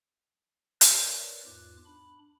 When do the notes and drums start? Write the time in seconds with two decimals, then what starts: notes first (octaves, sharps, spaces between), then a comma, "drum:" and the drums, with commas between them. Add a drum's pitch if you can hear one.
0.81 A#4 B4 C#5 D5, drum: hi-hat
1.46 E2 G#2 F4 D6 F#6
1.85 D4 B5